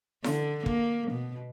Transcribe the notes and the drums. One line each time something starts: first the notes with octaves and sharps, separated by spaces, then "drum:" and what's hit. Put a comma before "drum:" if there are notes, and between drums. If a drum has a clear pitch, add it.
D3, drum: snare E4
A#3, drum: kick
B2